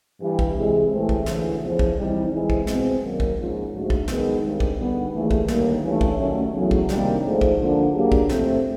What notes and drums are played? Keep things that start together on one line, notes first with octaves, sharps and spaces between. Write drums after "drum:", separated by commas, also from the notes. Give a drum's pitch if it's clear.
G2 E3 G3
drum: kick
C3 E3 G#3
A2 E3 A3 C4
drum: kick
D2 C#3 E3, drum: snare
E2 C#3 F3
drum: kick
E3 G3 C4 D#4
E3 G#3 C4
drum: kick
B2 G#3 C4, drum: snare
F#2 D#3 F#3 A#3
drum: kick
G#2 F3 A#3 C#4 F4
G#2 F3 A3 D4 F#4
drum: kick
F#2 D#3 G#3 B3 D#4, drum: snare
G2 D#3 G#3 C4
drum: kick
D3 G3 B3 D#4
D#2 C#3 E3 A3
drum: kick
D#2 D3 G3 A#3, drum: snare
G2 E3 A3 C#4
drum: kick
D#3 F#3 A3 C#4
E2 C#3 F#3 A3
drum: kick
C3 D#3 G3 A#3 D4, drum: snare
G#2 F3 A3
drum: kick
D3 F3 A#3 D4 F4
C#3 F#3 A#3 D4 G4
drum: kick
A2 F3 A3 C4, drum: snare